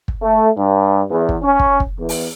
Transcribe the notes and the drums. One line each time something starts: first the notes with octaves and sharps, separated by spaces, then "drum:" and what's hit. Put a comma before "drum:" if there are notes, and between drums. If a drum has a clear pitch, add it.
drum: kick
A3
G2
E2
drum: kick
C#4
drum: kick
drum: kick
E2
drum: open hi-hat